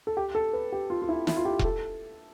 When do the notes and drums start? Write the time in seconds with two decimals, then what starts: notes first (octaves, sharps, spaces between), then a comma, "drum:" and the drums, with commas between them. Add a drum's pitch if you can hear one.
0.07 A4
0.17 G4
0.35 A4
0.53 B4
0.72 G4
0.90 F4
1.02 F4
1.09 E4
1.27 E4, drum: snare
1.37 F4
1.45 G4
1.59 G4, drum: kick E1
1.64 A4